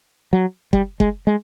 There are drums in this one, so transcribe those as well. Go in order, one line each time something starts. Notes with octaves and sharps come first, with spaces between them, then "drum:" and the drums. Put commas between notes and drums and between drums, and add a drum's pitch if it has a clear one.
F#3
G3, drum: kick F#1
G#3, drum: kick F#1
G#3